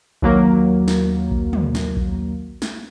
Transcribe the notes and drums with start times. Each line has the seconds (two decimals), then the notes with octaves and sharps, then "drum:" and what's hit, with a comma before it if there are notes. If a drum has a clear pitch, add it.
0.22 D#2 F#3 A#3 A#4, drum: kick B1
0.88 drum: snare
1.31 drum: kick B1
1.53 drum: tom
1.75 drum: snare
1.97 drum: kick B1
2.62 drum: snare